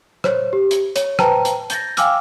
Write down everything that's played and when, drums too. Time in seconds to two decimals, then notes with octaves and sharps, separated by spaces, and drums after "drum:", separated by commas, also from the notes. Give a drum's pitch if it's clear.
0.24 C5 C#5, drum: rim click
0.53 G4
0.71 drum: hi-hat
0.96 C#5, drum: hi-hat
1.19 B4 C5 G5 A5 A#5, drum: rim click
1.45 drum: hi-hat
1.70 G6 A6 A#6, drum: hi-hat
1.97 F5 G5 G#5 D6 E6 F6, drum: hi-hat